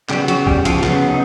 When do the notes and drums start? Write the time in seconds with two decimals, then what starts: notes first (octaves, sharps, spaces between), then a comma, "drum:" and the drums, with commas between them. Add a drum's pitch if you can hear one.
0.09 C#3 F#3 G3 B3 G4, drum: clap
0.28 F#3 F#4, drum: hi-hat
0.47 G3 G4, drum: kick
0.65 F3 F4, drum: hi-hat
0.84 C#3 F#3 B3, drum: clap
1.08 D#4